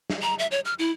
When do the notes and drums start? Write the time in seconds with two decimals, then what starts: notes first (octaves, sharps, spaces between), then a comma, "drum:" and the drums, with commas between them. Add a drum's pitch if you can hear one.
0.10 drum: snare
0.22 A#5
0.39 E5
0.51 C#5
0.65 F6
0.79 E4